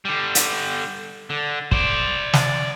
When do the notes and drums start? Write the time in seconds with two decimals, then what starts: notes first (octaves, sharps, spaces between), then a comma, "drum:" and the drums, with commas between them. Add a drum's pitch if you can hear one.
0.05 D3 G3
0.35 drum: hi-hat
1.30 D3
1.72 C5 D5, drum: kick
2.33 drum: snare